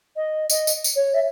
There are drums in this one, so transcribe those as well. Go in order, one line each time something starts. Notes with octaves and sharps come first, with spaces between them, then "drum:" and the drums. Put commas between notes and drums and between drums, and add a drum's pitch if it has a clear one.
D#5
D#5, drum: tambourine
drum: tambourine
drum: tambourine
C#5
E5